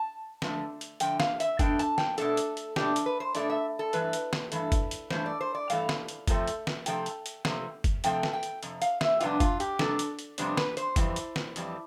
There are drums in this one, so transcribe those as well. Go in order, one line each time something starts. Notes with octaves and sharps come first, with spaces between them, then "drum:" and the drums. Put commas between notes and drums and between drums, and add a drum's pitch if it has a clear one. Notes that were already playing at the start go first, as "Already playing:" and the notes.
Already playing: A5
D3 F3 A3, drum: snare
drum: hi-hat
D3 F3 A3 G5, drum: hi-hat
F5, drum: snare
E5, drum: hi-hat
B2 A3 D4 G5, drum: kick G1, hi-hat
A5, drum: hi-hat
G5, drum: snare
B2 A3 D4 A4, drum: hi-hat
drum: hi-hat
drum: hi-hat
B2 A3 D4 G4, drum: snare
drum: hi-hat
B4
C5
B2 A3 D4 D5, drum: hi-hat
E5
A4
G2 E3 A3 B4, drum: hi-hat
drum: hi-hat
drum: snare
G2 E3 A3, drum: hi-hat
drum: kick G1, hi-hat
drum: hi-hat
G2 E3 A3 C5, drum: snare
D5
C5
D5
G2 E3 A3 F5, drum: hi-hat
drum: snare
drum: hi-hat
C3 F3 A3 C4, drum: kick G1, hi-hat
drum: hi-hat
drum: snare
C3 F3 A3 C4 G5, drum: hi-hat
drum: hi-hat
drum: hi-hat
C3 F3 A3 C4, drum: snare
drum: kick G1, hi-hat
C3 F3 A3 C4 G5, drum: hi-hat
drum: snare
G5
drum: hi-hat
F2 C3, drum: hi-hat
F5, drum: hi-hat
E5, drum: snare
F2 C3 G3 B3 D4 F4, drum: hi-hat
F4, drum: kick G1, hi-hat
G4, drum: hi-hat
F2 C3 G3 D4 A4, drum: snare
drum: hi-hat
drum: hi-hat
F2 C3 G3 B3 D4 C5, drum: hi-hat
B4, drum: snare
C5, drum: hi-hat
F2 E3 G3 C4, drum: kick G1, hi-hat
drum: hi-hat
drum: snare
F2 E3 G3 C4, drum: hi-hat